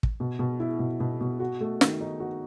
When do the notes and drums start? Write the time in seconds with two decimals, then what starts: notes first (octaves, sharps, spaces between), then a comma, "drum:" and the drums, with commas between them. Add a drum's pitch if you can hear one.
0.03 drum: kick
0.20 B2
0.39 B2
0.60 E4
0.79 B2
1.00 B2
1.21 B2
1.40 F#4
1.61 A3
1.81 D#3, drum: snare
2.01 D#4
2.20 F#4